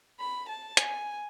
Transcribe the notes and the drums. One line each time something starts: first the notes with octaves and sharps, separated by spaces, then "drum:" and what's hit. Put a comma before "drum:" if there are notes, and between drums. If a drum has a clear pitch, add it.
B5
A5
G#5, drum: hi-hat